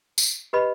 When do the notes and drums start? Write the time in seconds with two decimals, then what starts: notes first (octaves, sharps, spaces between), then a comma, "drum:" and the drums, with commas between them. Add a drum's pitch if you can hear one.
0.18 drum: tambourine
0.53 G4 B4 D#5 B5